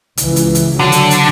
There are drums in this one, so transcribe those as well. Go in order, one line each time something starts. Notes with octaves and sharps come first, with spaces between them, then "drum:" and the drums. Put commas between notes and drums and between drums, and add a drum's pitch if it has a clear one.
C#2 E3, drum: hi-hat
drum: hi-hat
drum: hi-hat
D3 F#3
drum: hi-hat
drum: hi-hat